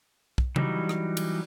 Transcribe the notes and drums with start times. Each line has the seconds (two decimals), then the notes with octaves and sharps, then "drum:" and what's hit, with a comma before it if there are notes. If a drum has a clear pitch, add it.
0.38 drum: kick
0.56 E3 F#3 G3 D#4, drum: tom C#3
0.89 drum: rim click
1.17 drum: cymbal